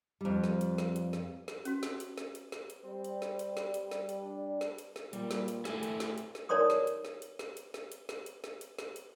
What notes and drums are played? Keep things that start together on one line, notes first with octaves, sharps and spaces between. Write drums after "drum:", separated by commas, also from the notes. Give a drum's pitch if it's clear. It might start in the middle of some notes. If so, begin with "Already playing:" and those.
F2 G3
drum: snare
drum: hi-hat
drum: snare
drum: hi-hat
drum: snare
drum: snare
C#4 F#4, drum: hi-hat
drum: snare
drum: hi-hat
drum: snare
drum: hi-hat
drum: snare
drum: hi-hat
G3 C4
drum: hi-hat
drum: snare
drum: hi-hat
drum: snare
drum: hi-hat
drum: snare
drum: hi-hat
D4
drum: snare
drum: hi-hat
drum: snare
A#2 G3, drum: hi-hat
drum: snare
drum: hi-hat
A3 E4 G4 G#5, drum: snare
drum: hi-hat
drum: snare
drum: hi-hat
drum: snare
D#4 A#4 C#5 D5 C6 D#6
drum: snare
drum: hi-hat
drum: snare
drum: hi-hat
drum: snare
drum: hi-hat
drum: snare
drum: hi-hat
drum: snare
drum: hi-hat
drum: snare
drum: hi-hat
drum: snare
drum: hi-hat